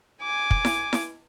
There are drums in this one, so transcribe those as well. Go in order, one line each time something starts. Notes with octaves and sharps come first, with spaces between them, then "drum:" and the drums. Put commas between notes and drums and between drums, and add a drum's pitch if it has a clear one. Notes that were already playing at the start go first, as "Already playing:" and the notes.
G#5 D6
drum: kick
drum: snare E4
drum: snare E4